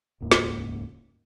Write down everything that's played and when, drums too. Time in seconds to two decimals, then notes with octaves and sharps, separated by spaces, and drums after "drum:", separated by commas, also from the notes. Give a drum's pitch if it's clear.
0.20 D#1 C#2 G#2 A#3
0.31 drum: snare